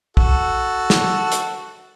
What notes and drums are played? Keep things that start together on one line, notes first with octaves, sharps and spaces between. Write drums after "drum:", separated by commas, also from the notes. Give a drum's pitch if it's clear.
F#4 A4, drum: kick
drum: snare
drum: hi-hat